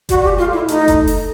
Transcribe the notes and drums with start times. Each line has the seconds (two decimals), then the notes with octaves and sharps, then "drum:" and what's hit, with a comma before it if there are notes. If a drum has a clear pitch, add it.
0.09 G3 F#4, drum: kick F#1, hi-hat
0.24 G#3 G4
0.38 A3 F4
0.53 G#3 E4
0.68 A3 D#4, drum: hi-hat
0.88 drum: kick F#1, hi-hat
1.07 drum: open hi-hat